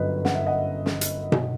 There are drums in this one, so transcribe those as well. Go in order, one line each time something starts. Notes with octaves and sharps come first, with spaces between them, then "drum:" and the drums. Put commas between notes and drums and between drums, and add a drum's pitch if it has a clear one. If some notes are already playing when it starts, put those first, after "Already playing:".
Already playing: G1 F#2 F#3 B4 D#5
F#5, drum: snare
E5
D#5 F#5
drum: snare
drum: hi-hat
drum: tom B2